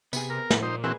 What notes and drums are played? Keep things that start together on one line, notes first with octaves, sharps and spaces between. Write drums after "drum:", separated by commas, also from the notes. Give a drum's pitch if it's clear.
C3 B3 G#4, drum: tambourine
A#4
A2, drum: snare
A#2 D#4 C5
E3 C4 F#4 G#4 B4 E5